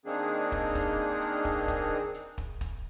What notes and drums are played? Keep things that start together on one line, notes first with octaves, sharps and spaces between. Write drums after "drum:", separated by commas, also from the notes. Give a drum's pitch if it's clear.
D#3 A#3 C4 D4 D#4 G#4
drum: kick
drum: kick, hi-hat
drum: hi-hat
drum: kick
drum: kick, hi-hat
drum: hi-hat
drum: kick
drum: kick, hi-hat